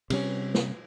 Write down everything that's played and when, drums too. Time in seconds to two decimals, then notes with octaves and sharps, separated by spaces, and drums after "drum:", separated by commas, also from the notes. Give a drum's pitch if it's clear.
0.10 C3 G3 C#4, drum: cymbal
0.54 drum: snare